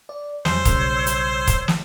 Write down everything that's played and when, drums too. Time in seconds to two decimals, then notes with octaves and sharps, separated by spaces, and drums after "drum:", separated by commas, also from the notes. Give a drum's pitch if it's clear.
0.09 D5
0.45 F2 F#3 G3 C5 C#5 E6 G6, drum: snare
0.65 B1 C#3 G3, drum: kick, hi-hat
1.06 drum: hi-hat
1.47 drum: kick, hi-hat
1.68 drum: snare